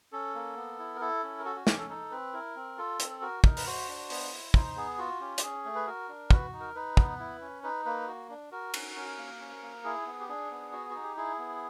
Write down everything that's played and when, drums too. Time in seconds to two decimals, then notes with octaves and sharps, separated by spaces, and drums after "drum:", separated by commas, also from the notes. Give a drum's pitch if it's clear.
0.12 C#4 A4
0.35 A#3
0.57 B3
0.79 E4
0.96 A#4
1.01 E4 A4
1.23 C#4
1.39 A#4
1.45 F#4 A4
1.56 F#4
1.67 C#4 G4, drum: snare
1.78 A4
1.89 D#4 A4
2.11 C4 B4
2.33 E4 A#4
2.56 C4
2.78 F4 A4
3.00 C4, drum: hi-hat
3.21 F#4 A#4
3.44 D#4 A#4, drum: kick
3.57 B4, drum: open hi-hat
3.66 F#4 C5
3.88 D4
4.10 B3, drum: open hi-hat
4.32 E4
4.54 D#4 C5, drum: kick
4.76 B3 G#4
4.98 F4 F#4
5.20 C#4 G4
5.38 G4, drum: hi-hat
5.43 C#4 G#4
5.65 A3
5.75 B4
5.87 F#4 A#4
6.09 D4
6.31 F#4 B4, drum: kick
6.53 D#4
6.60 A#4
6.75 D#4 B4
6.97 B3, drum: kick
7.19 E4
7.41 C#4
7.63 D#4 B4
7.85 A#3 B4
8.07 F#4
8.30 D4
8.52 F#4 A#4
8.74 C#4, drum: cymbal
8.96 C#4
9.18 A#3
9.40 C#4
9.62 A#3
9.84 E4 G#4
10.06 B3
10.20 G4
10.28 D4 G#4
10.51 B3
10.73 F#4
10.90 F#4
10.95 D#4
11.03 G4
11.17 E4 G#4
11.39 B3